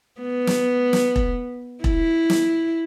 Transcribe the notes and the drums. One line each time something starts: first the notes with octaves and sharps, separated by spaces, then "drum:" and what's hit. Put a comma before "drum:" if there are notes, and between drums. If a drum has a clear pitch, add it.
B3
drum: snare
drum: snare
drum: kick E1
E4, drum: kick E1
drum: snare